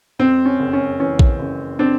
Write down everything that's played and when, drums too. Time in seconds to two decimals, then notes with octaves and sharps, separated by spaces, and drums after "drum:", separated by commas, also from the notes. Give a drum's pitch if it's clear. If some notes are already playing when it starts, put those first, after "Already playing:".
0.19 F2 C4
0.45 C#4
0.60 F#1
0.73 C#4
0.99 E3 C#4
1.19 drum: kick A#1
1.39 F#1
1.79 C4 D4